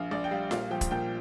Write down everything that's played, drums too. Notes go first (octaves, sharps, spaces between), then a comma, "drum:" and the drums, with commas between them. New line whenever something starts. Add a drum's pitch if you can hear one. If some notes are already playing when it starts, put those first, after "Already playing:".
Already playing: A#1 F5
A#1 D5
G5
G3 F5
A#2 F5, drum: snare F4
F3 G5
drum: kick, hi-hat
A#2 G5